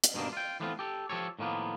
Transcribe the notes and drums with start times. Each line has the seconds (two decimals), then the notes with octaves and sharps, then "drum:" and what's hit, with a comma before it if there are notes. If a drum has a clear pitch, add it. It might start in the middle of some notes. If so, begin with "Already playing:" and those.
0.04 drum: hi-hat
0.14 G2 B2 D#3 A#3 D4
0.33 F4 G5
0.60 E3 G3 A3 B3 C4 F4
0.79 G4 A4
1.09 F3 G4 A4 C#5
1.39 A2 D#3 F3 A#3 B3